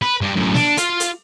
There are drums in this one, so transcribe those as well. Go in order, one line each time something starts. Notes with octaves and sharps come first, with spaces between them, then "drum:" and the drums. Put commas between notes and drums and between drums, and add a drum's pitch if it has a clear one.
B4
G2
F#2 A2
D4, drum: snare
F4 F5, drum: hi-hat
drum: hi-hat